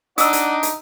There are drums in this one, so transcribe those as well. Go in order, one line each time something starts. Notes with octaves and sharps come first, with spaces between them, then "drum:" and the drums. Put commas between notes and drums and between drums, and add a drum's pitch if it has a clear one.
D4 D#4 D5 D#5 F#5 D#6 E6, drum: hi-hat
drum: hi-hat
drum: hi-hat